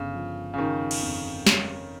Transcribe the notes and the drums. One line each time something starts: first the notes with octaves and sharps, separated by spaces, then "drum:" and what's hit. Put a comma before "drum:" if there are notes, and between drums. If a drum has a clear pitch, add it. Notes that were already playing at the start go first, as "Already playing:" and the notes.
Already playing: G1 C#3
F3
C#3
D#3 F3
drum: cymbal
F2
C#4, drum: snare